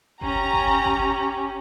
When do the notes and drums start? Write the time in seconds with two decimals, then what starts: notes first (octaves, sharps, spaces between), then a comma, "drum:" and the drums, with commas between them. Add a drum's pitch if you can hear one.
0.21 C#4 G4 A#5, drum: kick G1
0.53 drum: kick G1
0.85 drum: kick G1